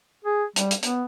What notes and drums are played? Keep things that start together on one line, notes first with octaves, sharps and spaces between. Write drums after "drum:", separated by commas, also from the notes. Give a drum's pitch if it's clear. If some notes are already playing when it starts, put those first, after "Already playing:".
G#4
G3, drum: hi-hat
drum: hi-hat
B3, drum: hi-hat